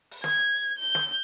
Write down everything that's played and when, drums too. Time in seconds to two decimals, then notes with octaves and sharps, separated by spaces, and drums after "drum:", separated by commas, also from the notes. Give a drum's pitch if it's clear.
0.11 drum: open hi-hat
0.24 G#6, drum: snare
0.78 G6
0.95 drum: snare